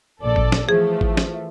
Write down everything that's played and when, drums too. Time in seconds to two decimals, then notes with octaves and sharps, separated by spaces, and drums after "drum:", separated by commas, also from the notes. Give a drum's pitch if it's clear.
0.22 A#1 A4 D5
0.36 drum: kick G#1
0.52 drum: snare
0.69 E3 F3 A3 G#4
1.01 drum: kick G#1
1.17 drum: snare